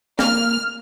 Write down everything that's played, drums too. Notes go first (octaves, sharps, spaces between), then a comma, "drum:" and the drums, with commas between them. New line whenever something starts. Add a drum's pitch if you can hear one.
A#3 F6, drum: snare